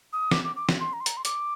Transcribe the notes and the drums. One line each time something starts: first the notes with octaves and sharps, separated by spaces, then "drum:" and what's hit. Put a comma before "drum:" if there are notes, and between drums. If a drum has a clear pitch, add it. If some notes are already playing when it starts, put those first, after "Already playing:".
D#6
D6, drum: snare
D6
D6
drum: snare
C6
A#5
C6
A#5, drum: hi-hat
C6
D6, drum: hi-hat